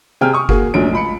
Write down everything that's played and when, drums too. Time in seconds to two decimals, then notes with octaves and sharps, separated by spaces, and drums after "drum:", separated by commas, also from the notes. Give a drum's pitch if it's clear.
0.21 C3 G#4 G5 G#5 F6
0.33 C#6 D#6
0.49 A#3 F#4 G#4, drum: kick F#1
0.74 F1 A#2 F#3 C#4 D4 D7
0.93 C#2 B5 C#7